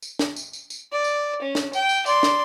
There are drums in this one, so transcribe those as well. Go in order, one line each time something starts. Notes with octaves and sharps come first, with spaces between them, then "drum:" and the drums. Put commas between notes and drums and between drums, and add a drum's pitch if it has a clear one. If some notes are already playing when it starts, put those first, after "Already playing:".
drum: tambourine
drum: snare
drum: tambourine
drum: tambourine
drum: tambourine
D5
drum: tambourine
C#4
drum: snare
G5, drum: tambourine
drum: tambourine
D5 C6, drum: tambourine
drum: snare